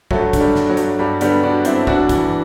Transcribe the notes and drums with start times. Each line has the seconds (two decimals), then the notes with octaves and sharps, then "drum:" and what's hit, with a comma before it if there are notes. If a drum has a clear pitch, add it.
0.11 G2 F#3 A3, drum: kick
0.33 D3, drum: kick, hi-hat
0.40 G3
0.55 D3, drum: snare
0.69 F#3
0.77 G2, drum: hi-hat
0.99 G2 G3
1.21 D3 G3 B3, drum: hi-hat
1.43 D3 D4 F#4
1.65 G2 C4 E4, drum: hi-hat
1.87 D2 D4 F#4, drum: kick
2.09 E3, drum: kick, hi-hat